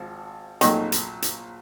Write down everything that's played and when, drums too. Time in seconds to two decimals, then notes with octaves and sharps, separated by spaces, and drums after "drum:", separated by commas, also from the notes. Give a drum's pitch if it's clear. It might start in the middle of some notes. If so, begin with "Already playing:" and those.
Already playing: G#1 F3
0.61 A#1 A#2 D#3 F#3 A3, drum: hi-hat
0.92 drum: hi-hat
1.22 drum: hi-hat